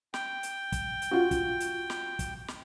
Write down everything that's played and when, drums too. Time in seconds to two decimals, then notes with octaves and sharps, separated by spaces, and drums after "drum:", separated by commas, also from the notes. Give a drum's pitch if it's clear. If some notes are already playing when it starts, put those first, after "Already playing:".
0.14 G5, drum: snare
0.43 drum: hi-hat
0.72 drum: kick, hi-hat
1.02 drum: hi-hat
1.11 F4 F#4
1.31 drum: kick, hi-hat
1.60 drum: hi-hat
1.90 drum: snare
2.19 drum: kick, hi-hat
2.48 drum: snare